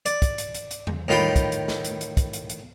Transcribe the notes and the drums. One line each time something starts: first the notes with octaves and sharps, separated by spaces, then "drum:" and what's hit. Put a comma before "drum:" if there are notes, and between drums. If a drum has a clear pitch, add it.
D5, drum: hi-hat
drum: kick, hi-hat
drum: hi-hat
drum: hi-hat
drum: hi-hat
drum: tom E2
A2 D#3 F4 G5 B5
drum: tom G3
drum: kick, hi-hat
drum: hi-hat
drum: snare
drum: hi-hat
drum: hi-hat
drum: kick, hi-hat
drum: hi-hat
drum: hi-hat